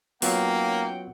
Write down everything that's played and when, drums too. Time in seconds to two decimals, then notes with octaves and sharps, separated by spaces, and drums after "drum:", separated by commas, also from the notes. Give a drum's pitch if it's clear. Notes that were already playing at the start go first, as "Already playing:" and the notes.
0.22 F#3 A#3 B3 C#4 D#4 F4 F#5 G5, drum: open hi-hat